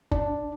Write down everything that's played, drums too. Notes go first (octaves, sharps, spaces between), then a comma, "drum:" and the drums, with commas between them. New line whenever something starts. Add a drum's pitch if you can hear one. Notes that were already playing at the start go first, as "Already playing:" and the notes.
D4, drum: kick